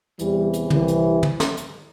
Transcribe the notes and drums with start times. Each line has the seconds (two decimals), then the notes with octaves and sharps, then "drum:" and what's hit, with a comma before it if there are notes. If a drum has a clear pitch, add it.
0.19 E2 C3 E3 G3, drum: hi-hat
0.54 drum: hi-hat
0.70 C2 C3 E3, drum: tom
0.88 drum: hi-hat
1.23 drum: tom
1.40 drum: snare
1.57 drum: hi-hat